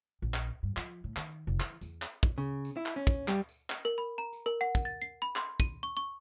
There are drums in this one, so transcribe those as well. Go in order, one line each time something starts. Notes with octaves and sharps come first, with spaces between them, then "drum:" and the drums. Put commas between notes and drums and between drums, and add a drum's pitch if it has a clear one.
A#1
drum: clap
G2
F3, drum: clap
A2
D#3, drum: clap
F1
E3, drum: clap
E2, drum: tambourine
drum: clap
drum: kick, tambourine
C#3
drum: tambourine
E4
drum: clap
C#4
drum: kick, tambourine
G3, drum: clap
drum: tambourine
drum: clap
A#4
B5
A#5
drum: tambourine
A#4
F#5
drum: kick, tambourine
A6
C7
B5
C6, drum: clap
D#7, drum: kick, tambourine
C#6
C#6